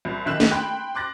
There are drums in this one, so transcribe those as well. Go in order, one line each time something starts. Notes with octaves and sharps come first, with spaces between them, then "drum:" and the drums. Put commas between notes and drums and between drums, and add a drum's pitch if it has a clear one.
C2
B1 D#3 E5 F#6 C7 E7
drum: snare
G5 B5 C6 F#6
C6 D6 F#6 A6 A#6